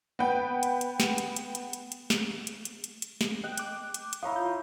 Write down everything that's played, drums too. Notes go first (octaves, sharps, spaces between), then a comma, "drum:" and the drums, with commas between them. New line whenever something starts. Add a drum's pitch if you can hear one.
B3 B4 G5
drum: hi-hat
drum: hi-hat
drum: snare
drum: hi-hat
drum: hi-hat
drum: hi-hat
drum: hi-hat
drum: hi-hat
drum: snare
drum: hi-hat
drum: hi-hat
drum: hi-hat
drum: hi-hat
drum: snare
D#5 G5 F#6
D6 F#6, drum: hi-hat
drum: hi-hat
drum: hi-hat
E4 C#5 F5 A#5 D#6
F4 G6